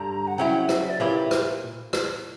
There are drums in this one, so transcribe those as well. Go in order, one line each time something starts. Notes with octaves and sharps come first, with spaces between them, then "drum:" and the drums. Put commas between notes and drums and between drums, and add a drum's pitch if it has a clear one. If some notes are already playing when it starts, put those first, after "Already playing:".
Already playing: G2 D3 G3 A#5
F#5
C#3 F#3 C#4 E4 G5
F#5
E5, drum: rim click
E5
D5
A#2 A#3 E4 G4 B4 C#5
drum: rim click
drum: rim click